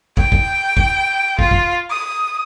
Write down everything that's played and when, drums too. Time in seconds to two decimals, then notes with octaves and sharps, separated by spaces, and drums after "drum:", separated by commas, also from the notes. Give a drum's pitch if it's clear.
0.17 G5, drum: kick
0.32 drum: kick
0.77 drum: kick
1.39 F4, drum: kick
1.51 drum: kick
1.90 D#6